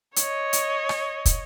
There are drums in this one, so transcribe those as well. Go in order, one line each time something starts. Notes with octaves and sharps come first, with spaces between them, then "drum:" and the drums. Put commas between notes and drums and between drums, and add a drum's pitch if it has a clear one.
C#5 D#5, drum: hi-hat
drum: hi-hat
drum: rim click
drum: kick, hi-hat